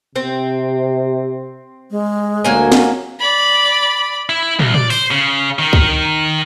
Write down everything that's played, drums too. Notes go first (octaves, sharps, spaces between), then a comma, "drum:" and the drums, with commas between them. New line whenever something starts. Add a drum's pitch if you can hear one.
C3 C4
G#3
D2 F#3 A#3 G#5
drum: snare
D5 B5
E4
C2, drum: tom
D5, drum: tom
C5, drum: open hi-hat
C#3
D#3
drum: kick C2